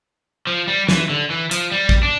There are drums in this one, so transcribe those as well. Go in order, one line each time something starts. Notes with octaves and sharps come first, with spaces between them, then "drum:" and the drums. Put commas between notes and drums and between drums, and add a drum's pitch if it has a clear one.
F3
G3
E3, drum: snare
D3
E3
F3, drum: hi-hat
G3
drum: kick
D4